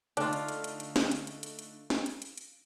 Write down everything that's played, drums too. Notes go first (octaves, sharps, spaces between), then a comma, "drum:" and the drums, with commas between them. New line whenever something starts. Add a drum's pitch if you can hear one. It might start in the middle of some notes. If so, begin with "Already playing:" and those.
D3 A3 D4 D#4 F4, drum: hi-hat
drum: hi-hat
drum: hi-hat
drum: hi-hat
drum: hi-hat
drum: snare
drum: hi-hat
drum: hi-hat
drum: hi-hat
drum: hi-hat
drum: snare
drum: hi-hat
drum: hi-hat
drum: hi-hat